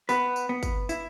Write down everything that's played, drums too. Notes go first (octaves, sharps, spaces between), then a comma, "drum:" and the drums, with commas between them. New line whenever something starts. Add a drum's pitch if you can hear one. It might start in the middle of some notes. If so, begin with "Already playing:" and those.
B3 B4, drum: tambourine
drum: tambourine
B3
drum: kick G1, tambourine
E4, drum: tambourine